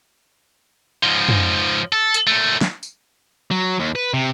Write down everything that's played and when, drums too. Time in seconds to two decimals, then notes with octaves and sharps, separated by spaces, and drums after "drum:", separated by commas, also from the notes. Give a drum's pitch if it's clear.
1.03 G#2 F3
1.29 drum: tom
1.93 A4
2.14 drum: hi-hat
2.27 A#2 A3
2.61 drum: snare
2.83 drum: tambourine
3.51 F#3
3.80 D#2
3.96 B4
4.14 C3